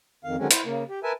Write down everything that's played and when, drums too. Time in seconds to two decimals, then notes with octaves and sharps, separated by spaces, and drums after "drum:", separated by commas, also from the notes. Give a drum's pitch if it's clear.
0.24 F2 D#3 F5
0.38 D3 D#3 F#3 G#3 C4 C#4
0.51 E4 C5, drum: hi-hat
0.65 C#3 A#3
0.89 G4
1.04 A#4 B4 E5 G#5 A5